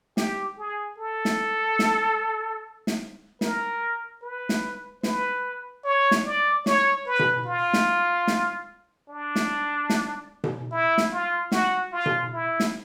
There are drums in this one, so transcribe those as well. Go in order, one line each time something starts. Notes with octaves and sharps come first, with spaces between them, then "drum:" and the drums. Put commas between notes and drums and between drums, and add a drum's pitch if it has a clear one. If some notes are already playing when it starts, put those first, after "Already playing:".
G4, drum: snare
G#4
A4
drum: snare
drum: snare
drum: snare
A#4, drum: snare
B4
drum: snare
B4, drum: snare
C#5
drum: snare
D5
C#5, drum: snare
B4
drum: tom B2
F4
drum: snare
drum: snare
D4
drum: snare
drum: snare
drum: tom B2
E4
drum: snare
F4
F#4, drum: snare
F4
drum: tom B2
E4
drum: snare